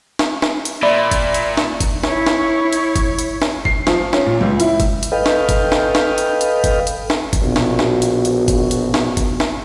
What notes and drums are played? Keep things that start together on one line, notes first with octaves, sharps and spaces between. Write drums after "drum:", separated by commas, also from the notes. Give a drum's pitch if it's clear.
drum: snare
drum: snare
drum: hi-hat
A#2 D5 E5 B5
drum: kick G1, hi-hat
drum: hi-hat
drum: snare
drum: kick G1, hi-hat
E4 C#5, drum: snare
drum: snare
drum: hi-hat
drum: kick G1, hi-hat
drum: hi-hat
drum: snare
C7, drum: kick G1
F3, drum: snare
C#4, drum: snare
A#2
C#2
E4, drum: hi-hat
drum: kick G1, hi-hat
drum: hi-hat
A4 B4 D#5 F5 G5
drum: snare
drum: kick G1, hi-hat
drum: snare
drum: snare
drum: hi-hat
drum: hi-hat
drum: kick G1, hi-hat
drum: hi-hat
drum: snare
drum: kick G1, hi-hat
A#1 B2 F#4
drum: snare
drum: snare
drum: hi-hat
drum: hi-hat
drum: kick G1, hi-hat
drum: hi-hat
drum: snare
drum: kick G1, hi-hat
drum: snare